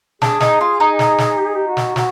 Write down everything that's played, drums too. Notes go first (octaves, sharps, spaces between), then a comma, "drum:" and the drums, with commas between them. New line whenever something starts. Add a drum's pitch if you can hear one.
D4 G#4, drum: snare
D#4, drum: snare
F4
D#4
drum: snare
drum: snare
G4
G#4
G4
F#4
drum: snare
F#4, drum: snare